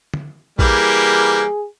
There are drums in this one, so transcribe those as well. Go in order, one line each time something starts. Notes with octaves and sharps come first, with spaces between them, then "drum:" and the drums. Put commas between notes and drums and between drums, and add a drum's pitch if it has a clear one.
drum: tom D3
E3 G3 A#3 G#4, drum: kick A#1